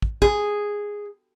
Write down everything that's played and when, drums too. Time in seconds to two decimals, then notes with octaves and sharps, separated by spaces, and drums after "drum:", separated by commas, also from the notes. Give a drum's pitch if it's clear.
0.02 drum: kick
0.22 G#4, drum: kick